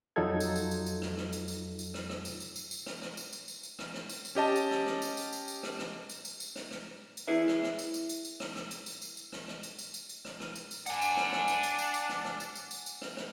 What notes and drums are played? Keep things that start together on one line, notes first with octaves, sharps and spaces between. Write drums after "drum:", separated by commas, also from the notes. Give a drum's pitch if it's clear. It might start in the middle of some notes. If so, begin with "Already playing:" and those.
F2 F#3 D#4 F4 A4 G#6
drum: tambourine
drum: tambourine
drum: tambourine
drum: tambourine
drum: rim click
drum: rim click
drum: tambourine
drum: tambourine
drum: tambourine
drum: rim click
drum: rim click
drum: tambourine
drum: tambourine
drum: tambourine
drum: tambourine
drum: rim click
drum: rim click
drum: tambourine
drum: tambourine
drum: tambourine
drum: tambourine
drum: rim click
drum: rim click
drum: tambourine
drum: tambourine
C#4 G4 D#5 A5
drum: tambourine
drum: rim click
drum: rim click
drum: tambourine
drum: tambourine
drum: tambourine
drum: tambourine
drum: rim click
drum: rim click
drum: tambourine
drum: tambourine
drum: tambourine
drum: rim click
drum: rim click
drum: tambourine
E4 G#4 B4 E5
drum: rim click
drum: rim click
drum: tambourine
drum: tambourine
drum: tambourine
drum: tambourine
drum: rim click
drum: rim click
drum: tambourine
drum: tambourine
drum: tambourine
drum: tambourine
drum: rim click
drum: rim click
drum: tambourine
drum: tambourine
drum: tambourine
drum: tambourine
drum: rim click
drum: rim click
drum: tambourine
drum: tambourine
D4 F#5 G#5, drum: tambourine
drum: tambourine
drum: rim click
drum: rim click
drum: tambourine
drum: tambourine
drum: tambourine
drum: tambourine
drum: rim click
drum: rim click
drum: tambourine
drum: tambourine
drum: tambourine
drum: tambourine
drum: rim click
drum: rim click